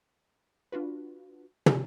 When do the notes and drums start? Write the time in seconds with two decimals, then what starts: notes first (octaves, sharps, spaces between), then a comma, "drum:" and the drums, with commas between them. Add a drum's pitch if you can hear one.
0.72 D4 F4 F#4 B4
1.66 drum: tom